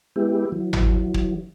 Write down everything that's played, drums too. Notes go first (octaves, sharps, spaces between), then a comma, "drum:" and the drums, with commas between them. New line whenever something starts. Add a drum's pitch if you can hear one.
G#3 B3 E4 G4
E3 F#3
drum: tom G#1
drum: kick